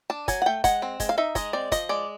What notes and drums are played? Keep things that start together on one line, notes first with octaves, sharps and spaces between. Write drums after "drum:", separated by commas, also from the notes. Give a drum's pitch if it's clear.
D4 A5
F#3 G#5, drum: kick, hi-hat
F#5
A3 G5
G#3 F#5, drum: kick, hi-hat
C4
G#3, drum: kick, hi-hat
F5
D#4 E5
G#3 D#5, drum: kick, hi-hat
C4 D5
F3 D#5, drum: kick, hi-hat
G#3 D5